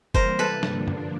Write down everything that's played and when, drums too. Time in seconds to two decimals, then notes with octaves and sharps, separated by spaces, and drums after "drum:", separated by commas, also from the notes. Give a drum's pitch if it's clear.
0.14 C3 E3 G3 A#3 A#4 C5, drum: kick
0.39 A4 B4
0.63 G2 D3 F3 A#3 D4, drum: snare
0.88 drum: tom F#2